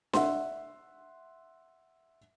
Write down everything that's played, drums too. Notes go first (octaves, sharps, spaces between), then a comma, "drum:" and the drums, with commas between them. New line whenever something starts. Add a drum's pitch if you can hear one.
E5 F#5 C6, drum: snare D4